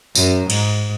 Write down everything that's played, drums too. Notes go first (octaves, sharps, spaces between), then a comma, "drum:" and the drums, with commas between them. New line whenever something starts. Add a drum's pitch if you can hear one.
F#2, drum: tambourine
G#2, drum: cymbal